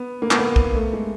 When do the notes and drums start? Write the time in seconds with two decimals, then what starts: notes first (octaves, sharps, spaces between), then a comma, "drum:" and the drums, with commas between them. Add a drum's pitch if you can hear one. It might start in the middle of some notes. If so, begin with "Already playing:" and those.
Already playing: B3
0.22 A#3
0.31 B3, drum: clap
0.39 A#3
0.56 drum: kick
0.75 A3
0.93 G#3